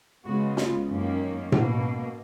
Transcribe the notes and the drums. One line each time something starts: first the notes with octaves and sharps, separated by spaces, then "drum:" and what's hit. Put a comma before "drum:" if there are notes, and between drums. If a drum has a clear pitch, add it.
C#3 G#3 B3 F#4
F4, drum: snare
F#2 D#3 A#3 C#4
B2 A#3, drum: tom A2